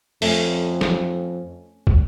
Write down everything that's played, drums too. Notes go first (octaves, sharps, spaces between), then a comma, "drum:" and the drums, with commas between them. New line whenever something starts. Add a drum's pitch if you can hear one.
F2 A3 C#4, drum: open hi-hat
drum: snare
drum: kick